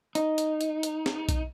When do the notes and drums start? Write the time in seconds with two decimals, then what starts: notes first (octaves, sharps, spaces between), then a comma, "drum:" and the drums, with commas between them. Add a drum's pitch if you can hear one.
0.15 D#4, drum: hi-hat
0.38 drum: hi-hat
0.61 drum: hi-hat
0.83 drum: hi-hat
1.06 drum: snare
1.29 drum: kick B1, hi-hat